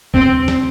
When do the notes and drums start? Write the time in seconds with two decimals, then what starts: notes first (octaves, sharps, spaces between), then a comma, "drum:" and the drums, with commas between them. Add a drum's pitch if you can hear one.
0.14 C4, drum: kick
0.48 drum: snare